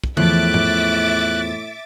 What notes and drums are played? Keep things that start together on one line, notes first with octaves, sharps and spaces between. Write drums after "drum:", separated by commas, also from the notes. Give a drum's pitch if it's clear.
drum: kick
E2 A2 F3 E5 D6 F#6 A6, drum: tom D3
drum: tom G#2